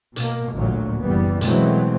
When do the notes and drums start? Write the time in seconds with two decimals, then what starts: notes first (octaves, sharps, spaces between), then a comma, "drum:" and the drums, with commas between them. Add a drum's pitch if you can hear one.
0.16 B2 A#3, drum: hi-hat
0.52 A1 D2 A#2 F#3
1.03 F#1 E3 G3 B3
1.41 B2 E3 F#3 G#3 A3 C4, drum: hi-hat